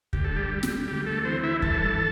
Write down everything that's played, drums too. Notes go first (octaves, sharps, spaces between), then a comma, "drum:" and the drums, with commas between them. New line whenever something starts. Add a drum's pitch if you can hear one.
D2 G4, drum: kick
A4
G3 G4
D2
drum: snare
D2 G3 G4
A3 A4
E3 C4 C5
E4 E5
G2 A4 A5, drum: kick